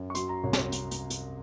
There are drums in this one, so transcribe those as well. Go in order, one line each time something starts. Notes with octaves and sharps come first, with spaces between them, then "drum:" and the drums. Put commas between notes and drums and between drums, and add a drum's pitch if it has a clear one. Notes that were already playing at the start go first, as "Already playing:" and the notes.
Already playing: F#2
C#6
F#3 C6, drum: hi-hat
A#5
C2 C#5
drum: snare
drum: hi-hat
drum: hi-hat
drum: hi-hat